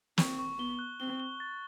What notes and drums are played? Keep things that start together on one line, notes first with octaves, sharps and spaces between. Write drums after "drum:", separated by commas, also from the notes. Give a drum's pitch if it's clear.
C4 C#6, drum: snare
C#6
B3 G7
F#6
C4 G7
G7
A6